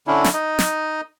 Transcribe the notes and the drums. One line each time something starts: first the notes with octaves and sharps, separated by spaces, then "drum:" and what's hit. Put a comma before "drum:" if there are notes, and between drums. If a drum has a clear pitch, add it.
D3 C#4 D4 E4
drum: snare
D#4 D#5
drum: snare